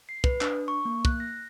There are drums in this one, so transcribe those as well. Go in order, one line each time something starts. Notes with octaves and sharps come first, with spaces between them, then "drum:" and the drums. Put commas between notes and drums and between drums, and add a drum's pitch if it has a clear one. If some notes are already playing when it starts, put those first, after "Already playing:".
C7
B4, drum: kick
D4, drum: clap
C#6
A#3
F#6, drum: kick
A#6